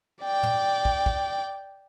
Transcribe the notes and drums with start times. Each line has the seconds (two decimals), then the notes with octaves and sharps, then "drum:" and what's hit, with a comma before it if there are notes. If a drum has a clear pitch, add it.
0.22 D5 G5
0.43 drum: tom
0.85 drum: kick
1.06 drum: kick